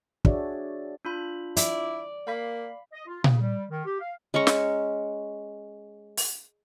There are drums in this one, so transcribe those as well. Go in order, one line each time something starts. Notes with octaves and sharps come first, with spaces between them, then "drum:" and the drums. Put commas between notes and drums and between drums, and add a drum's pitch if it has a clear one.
D4 F#4 G#4 C#5 D5 E5, drum: kick
D4 F4 B5
E4 D5, drum: hi-hat
A#3 F5 B5 B6
D#5
F4
C#3, drum: tom A#2
G3
D#3
G4
F5
G#3 C#4 A#5 C#6
drum: snare
drum: open hi-hat